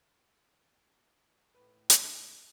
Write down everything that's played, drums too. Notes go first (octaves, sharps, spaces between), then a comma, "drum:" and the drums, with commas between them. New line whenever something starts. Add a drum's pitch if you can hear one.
A2 B4
drum: hi-hat